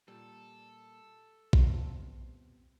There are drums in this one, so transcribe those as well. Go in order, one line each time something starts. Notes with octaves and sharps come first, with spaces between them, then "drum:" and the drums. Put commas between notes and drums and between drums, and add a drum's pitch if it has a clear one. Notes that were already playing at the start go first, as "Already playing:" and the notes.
A#2 G3 A4
G3 B3 C4 F4, drum: kick A#1